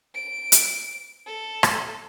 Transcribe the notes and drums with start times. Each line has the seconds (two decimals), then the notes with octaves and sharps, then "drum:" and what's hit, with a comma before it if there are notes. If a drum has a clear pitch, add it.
0.14 D7
0.52 drum: hi-hat
1.26 A4
1.63 drum: rim click